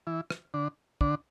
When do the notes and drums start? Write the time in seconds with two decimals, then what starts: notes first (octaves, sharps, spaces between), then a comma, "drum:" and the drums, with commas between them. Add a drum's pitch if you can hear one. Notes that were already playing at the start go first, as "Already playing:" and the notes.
0.07 E3 E4
0.30 drum: rim click
0.54 D3 D4
1.01 D3 D4, drum: kick